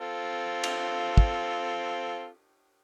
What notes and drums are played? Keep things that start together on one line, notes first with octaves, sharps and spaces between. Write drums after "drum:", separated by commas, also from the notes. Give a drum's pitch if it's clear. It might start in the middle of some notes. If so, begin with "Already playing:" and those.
C4 F4 A4
drum: cymbal
drum: kick